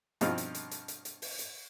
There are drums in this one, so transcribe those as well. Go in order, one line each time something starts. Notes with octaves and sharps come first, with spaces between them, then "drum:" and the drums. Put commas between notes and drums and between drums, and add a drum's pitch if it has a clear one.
G2 B2 F3 C4 D#4 F4, drum: hi-hat
drum: hi-hat
drum: hi-hat
drum: hi-hat
drum: hi-hat
drum: hi-hat
drum: open hi-hat
drum: hi-hat